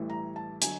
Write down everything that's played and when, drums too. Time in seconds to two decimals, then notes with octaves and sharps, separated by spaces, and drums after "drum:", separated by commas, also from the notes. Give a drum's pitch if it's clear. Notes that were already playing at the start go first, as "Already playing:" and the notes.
Already playing: A1 A2 E3 G3
0.10 A#5
0.36 A5
0.62 D3 F#3 G#5, drum: hi-hat